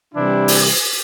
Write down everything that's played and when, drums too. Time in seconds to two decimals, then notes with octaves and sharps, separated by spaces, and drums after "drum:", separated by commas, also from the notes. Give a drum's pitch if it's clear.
0.14 C3 E3 G3 D4 E4
0.48 drum: open hi-hat